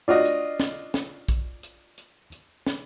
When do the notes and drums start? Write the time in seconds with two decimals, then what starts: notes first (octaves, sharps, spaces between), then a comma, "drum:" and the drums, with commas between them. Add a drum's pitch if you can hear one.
0.08 D4 F4 F#4 D#5
0.25 drum: hi-hat
0.60 drum: snare
0.94 drum: snare
1.29 drum: kick, hi-hat
1.63 drum: hi-hat
1.98 drum: hi-hat
2.32 drum: hi-hat
2.67 drum: snare